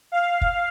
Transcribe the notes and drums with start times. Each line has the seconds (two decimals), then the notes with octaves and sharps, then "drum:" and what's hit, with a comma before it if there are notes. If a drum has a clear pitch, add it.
0.12 F5
0.41 drum: kick